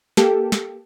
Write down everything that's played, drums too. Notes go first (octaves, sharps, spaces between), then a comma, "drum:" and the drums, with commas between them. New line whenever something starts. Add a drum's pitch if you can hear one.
A#3 G4 A4, drum: snare
drum: snare